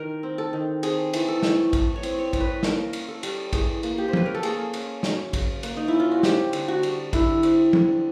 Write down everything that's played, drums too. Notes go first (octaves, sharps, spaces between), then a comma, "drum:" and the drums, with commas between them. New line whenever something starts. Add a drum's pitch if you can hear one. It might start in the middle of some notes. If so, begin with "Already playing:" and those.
Already playing: D#3 A#4
C4
A4
D#3
C4 G#4, drum: cymbal
E3, drum: cymbal
A4
A3, drum: snare
E3, drum: kick A1, cymbal
C#5
C4, drum: cymbal
C#5
E3, drum: kick A1, cymbal
B4
A#3 A#4, drum: snare
C#4, drum: cymbal
A4
G3, drum: cymbal
E3 G#4, drum: kick A1, cymbal
A#3, drum: cymbal
G4
C5
C#4 B4, drum: tom
A#4
A4
A#3 G#4, drum: cymbal
C#4, drum: cymbal
F#3, drum: snare
C#3, drum: kick A1, cymbal
A#3, drum: cymbal
D#4
C#4 E4
F4
F#4
C4 G4, drum: snare
D3, drum: cymbal
F#4
G3, drum: cymbal
D3 E4, drum: kick A1, cymbal
C4, drum: cymbal
D3, drum: tom